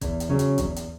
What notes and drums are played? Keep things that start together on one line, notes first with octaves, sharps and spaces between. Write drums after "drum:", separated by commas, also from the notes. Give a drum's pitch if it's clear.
E2, drum: kick, hi-hat
drum: hi-hat
C#3 F#3 C#4
drum: hi-hat
E2, drum: kick, hi-hat
drum: hi-hat